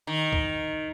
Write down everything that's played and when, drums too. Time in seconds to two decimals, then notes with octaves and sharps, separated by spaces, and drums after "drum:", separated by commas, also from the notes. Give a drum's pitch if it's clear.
0.07 D#3
0.33 drum: kick